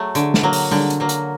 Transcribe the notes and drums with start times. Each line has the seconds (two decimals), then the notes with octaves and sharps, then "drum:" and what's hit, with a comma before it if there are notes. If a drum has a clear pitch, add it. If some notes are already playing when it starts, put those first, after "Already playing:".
Already playing: F#3 A3
0.15 D3, drum: hi-hat
0.34 drum: snare
0.43 F#3 A#3
0.53 drum: open hi-hat
0.71 D3, drum: tom G3
0.90 drum: hi-hat
1.00 F#3 A#3
1.09 drum: hi-hat